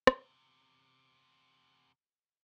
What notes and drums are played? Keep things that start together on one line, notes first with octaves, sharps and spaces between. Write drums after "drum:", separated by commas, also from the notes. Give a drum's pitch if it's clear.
E2 C3, drum: rim click